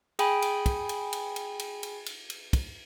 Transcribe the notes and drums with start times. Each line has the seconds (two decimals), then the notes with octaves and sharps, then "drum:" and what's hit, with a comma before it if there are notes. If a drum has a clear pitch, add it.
0.19 G#4 G5 G#5 B5, drum: cymbal
0.42 drum: cymbal
0.66 drum: kick, cymbal
0.89 drum: cymbal
1.13 drum: cymbal
1.36 drum: cymbal
1.59 drum: cymbal
1.83 drum: cymbal
2.06 drum: cymbal
2.30 drum: cymbal
2.53 drum: kick, cymbal